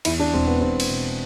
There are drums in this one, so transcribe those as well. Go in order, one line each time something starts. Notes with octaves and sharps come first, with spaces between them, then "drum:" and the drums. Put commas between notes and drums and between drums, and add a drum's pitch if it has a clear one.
E2 E4, drum: cymbal
D4
E1 C4
B3
E1 C4
drum: cymbal
B2